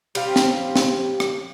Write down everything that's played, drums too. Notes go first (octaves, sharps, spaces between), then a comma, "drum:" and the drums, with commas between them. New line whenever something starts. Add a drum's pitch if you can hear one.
G3 C4 G4 F5, drum: cymbal
drum: snare
drum: snare
drum: rim click